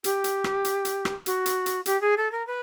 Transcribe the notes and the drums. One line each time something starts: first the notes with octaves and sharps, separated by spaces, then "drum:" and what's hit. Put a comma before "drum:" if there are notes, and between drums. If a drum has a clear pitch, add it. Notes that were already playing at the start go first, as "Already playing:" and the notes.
G4, drum: hi-hat
drum: hi-hat
drum: rim click
drum: hi-hat
drum: hi-hat
drum: rim click
F#4, drum: hi-hat
drum: hi-hat
drum: hi-hat
G4, drum: hi-hat
G#4
A4
A#4
B4